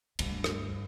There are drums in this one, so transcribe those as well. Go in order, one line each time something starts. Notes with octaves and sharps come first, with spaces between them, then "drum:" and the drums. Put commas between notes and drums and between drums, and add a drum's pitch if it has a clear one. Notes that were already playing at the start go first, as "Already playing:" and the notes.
D2 G2, drum: cymbal
drum: rim click